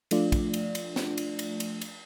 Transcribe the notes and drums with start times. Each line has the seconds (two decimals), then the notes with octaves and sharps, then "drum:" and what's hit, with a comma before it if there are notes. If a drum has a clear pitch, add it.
0.11 F3 A3 D4 F4 D5, drum: cymbal
0.32 drum: kick, cymbal
0.54 drum: cymbal
0.75 drum: cymbal
0.96 drum: snare
1.18 drum: cymbal
1.39 drum: cymbal
1.60 drum: cymbal
1.81 drum: cymbal